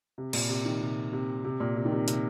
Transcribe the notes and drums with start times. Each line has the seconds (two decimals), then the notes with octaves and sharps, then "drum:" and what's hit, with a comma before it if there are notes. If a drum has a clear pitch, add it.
0.18 C3
0.33 A#2, drum: cymbal
0.49 C3
0.65 D#3
0.81 C3
1.13 C3
1.45 C3
1.60 A#2
1.76 C3
1.85 D#3
1.92 C3
2.08 C3, drum: hi-hat